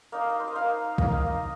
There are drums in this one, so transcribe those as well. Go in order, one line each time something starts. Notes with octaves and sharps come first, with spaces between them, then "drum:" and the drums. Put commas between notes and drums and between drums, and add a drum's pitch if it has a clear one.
A#3 D#4 D#5
F5
D#5
C5
D#5
A#3 D#4 F5
A#3 D#4 D#5, drum: kick
F5
D#5